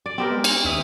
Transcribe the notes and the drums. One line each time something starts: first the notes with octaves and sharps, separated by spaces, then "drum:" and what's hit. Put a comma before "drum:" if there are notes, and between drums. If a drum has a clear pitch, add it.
D5
B3 C4 G4 A#4
G#3
drum: cymbal
D#2 E5 D#6